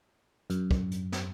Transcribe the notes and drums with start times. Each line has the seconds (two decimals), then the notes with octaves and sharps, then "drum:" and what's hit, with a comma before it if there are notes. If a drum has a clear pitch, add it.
0.50 F#2, drum: hi-hat
0.71 drum: kick
0.91 drum: hi-hat
1.12 drum: snare